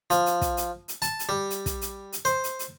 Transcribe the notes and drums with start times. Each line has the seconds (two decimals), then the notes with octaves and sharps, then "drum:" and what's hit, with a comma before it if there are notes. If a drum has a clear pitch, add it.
0.10 F3, drum: hi-hat
0.26 drum: hi-hat
0.41 drum: kick, hi-hat
0.57 drum: hi-hat
0.88 drum: hi-hat
1.02 A5, drum: hi-hat
1.19 drum: hi-hat
1.29 G3
1.50 drum: hi-hat
1.66 drum: kick, hi-hat
1.81 drum: hi-hat
2.13 drum: hi-hat
2.25 C5, drum: hi-hat
2.44 drum: hi-hat
2.59 drum: hi-hat